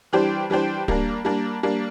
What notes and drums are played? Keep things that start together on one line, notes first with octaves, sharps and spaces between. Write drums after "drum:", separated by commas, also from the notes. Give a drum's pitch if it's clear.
E3 G3 D4 G4 C5
E3 G3 D4 G4 C5
G3 A#3 D4, drum: kick
G3 A#3 D4
G3 A#3 D4